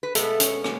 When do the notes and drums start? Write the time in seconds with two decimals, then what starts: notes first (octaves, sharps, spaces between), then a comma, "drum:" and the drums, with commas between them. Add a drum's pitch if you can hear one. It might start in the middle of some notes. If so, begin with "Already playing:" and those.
0.03 B4
0.15 B2 G#3 A3 B3 A4, drum: hi-hat
0.40 C#4, drum: hi-hat
0.64 C#4, drum: rim click